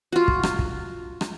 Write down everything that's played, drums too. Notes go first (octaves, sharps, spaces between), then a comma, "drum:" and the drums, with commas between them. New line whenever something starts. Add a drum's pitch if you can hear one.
F4 F#4
drum: kick
drum: rim click
drum: kick
drum: rim click